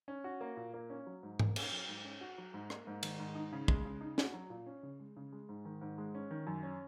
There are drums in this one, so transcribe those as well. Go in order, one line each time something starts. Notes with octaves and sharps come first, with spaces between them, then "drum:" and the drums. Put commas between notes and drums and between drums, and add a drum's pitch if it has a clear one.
C#4
F#4
A#3
A#2
A#3
C#4
F#3
G#2
A#3, drum: tom G#2
C#4, drum: cymbal
F#3
G#2
C#4
F#4
F#3
G#2
A#3, drum: rim click
G#2
D#3, drum: cymbal
G#2
D#4
C#3
G#3, drum: kick
C#3
D#4
F#4, drum: snare
F#3
A#2
C#4
C#3
G#3
C#3
G#3
G#2
D#3
G#2
G#3
C#4
D#3
F#2
C#4